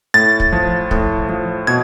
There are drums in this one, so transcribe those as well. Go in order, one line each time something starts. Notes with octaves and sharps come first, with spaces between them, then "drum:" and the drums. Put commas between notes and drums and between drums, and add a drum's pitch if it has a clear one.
A2 A6
drum: kick
F3
A2, drum: kick
F3
B2 G#6